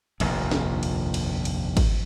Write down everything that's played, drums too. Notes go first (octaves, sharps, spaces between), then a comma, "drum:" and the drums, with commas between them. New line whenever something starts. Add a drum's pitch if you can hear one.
F1 A#1 D#2, drum: cymbal
drum: snare
drum: cymbal
drum: cymbal
drum: cymbal
drum: kick, cymbal